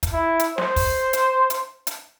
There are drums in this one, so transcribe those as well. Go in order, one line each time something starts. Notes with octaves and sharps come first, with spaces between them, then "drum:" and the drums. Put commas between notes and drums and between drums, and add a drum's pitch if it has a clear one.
drum: kick, hi-hat
E4
drum: hi-hat
C5, drum: snare
drum: kick, open hi-hat
drum: hi-hat
drum: hi-hat
drum: hi-hat